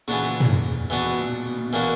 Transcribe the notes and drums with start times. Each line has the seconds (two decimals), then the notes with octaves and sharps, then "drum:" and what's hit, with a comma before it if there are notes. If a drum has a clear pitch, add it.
0.08 A#2 C#3 E3 B3 D4 F#4
0.40 drum: tom
0.90 B2 E3 B3 D4 F#4
1.08 B2
1.18 A#2
1.46 B2
1.58 A#2
1.70 B2 E3 A#3 D4 F#4